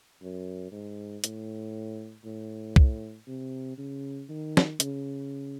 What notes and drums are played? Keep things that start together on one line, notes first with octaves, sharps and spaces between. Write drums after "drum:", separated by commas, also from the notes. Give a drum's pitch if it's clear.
F#2
G#2
A2, drum: hi-hat
A2
drum: kick
C3
C#3
D#3
drum: snare
C#3, drum: hi-hat